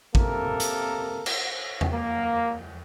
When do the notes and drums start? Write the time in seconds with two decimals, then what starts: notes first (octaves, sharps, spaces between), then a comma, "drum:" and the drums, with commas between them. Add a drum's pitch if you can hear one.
0.15 C3 A#3 A4 A#4, drum: kick A1
0.60 drum: hi-hat
1.26 drum: cymbal
1.81 drum: tom E2
1.93 A#3